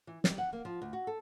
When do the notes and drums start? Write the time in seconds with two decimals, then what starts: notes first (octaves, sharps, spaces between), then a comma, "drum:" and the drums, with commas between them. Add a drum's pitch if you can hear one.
0.07 E3
0.24 G3, drum: snare
0.38 F#5
0.53 A#3
0.65 F3
0.82 D2
0.93 F#4
1.07 A4